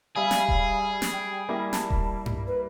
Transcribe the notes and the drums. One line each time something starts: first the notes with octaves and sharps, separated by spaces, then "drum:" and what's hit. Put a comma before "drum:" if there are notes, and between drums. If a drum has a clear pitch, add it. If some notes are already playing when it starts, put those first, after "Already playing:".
G3 G#4 E5 F5
drum: snare
drum: kick D#1
drum: snare
G5
G3 A#3 E4
A5, drum: snare
drum: kick D#1
drum: tom G2
B4